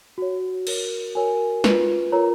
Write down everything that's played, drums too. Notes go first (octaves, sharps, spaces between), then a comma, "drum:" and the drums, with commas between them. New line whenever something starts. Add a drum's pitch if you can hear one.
F#4 C#5
F#4 A#4 C#5, drum: cymbal
F#4 A#4 C#5 G#5
F4 B4, drum: snare
F4 A#4 C#5 A#5